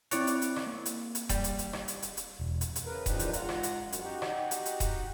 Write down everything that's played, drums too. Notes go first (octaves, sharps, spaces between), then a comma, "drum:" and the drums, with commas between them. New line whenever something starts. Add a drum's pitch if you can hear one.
C4 E4 C#5 D5 F#6, drum: hi-hat
drum: hi-hat
drum: hi-hat
drum: rim click
A#3
drum: hi-hat
drum: hi-hat
G3, drum: kick D#1, hi-hat
drum: hi-hat
drum: hi-hat
drum: rim click
drum: hi-hat
drum: hi-hat
drum: hi-hat
E1
drum: hi-hat
drum: hi-hat
C#3 A#4 B4
E2 F3 D4 D#4 G4 B4, drum: kick D#1, hi-hat
drum: hi-hat
G#2 F4 F#5 A#5, drum: hi-hat
drum: rim click
drum: hi-hat
F#2
drum: hi-hat
D#4 F#4 G4 F#5
drum: rim click
drum: hi-hat
drum: hi-hat
drum: kick D#1, hi-hat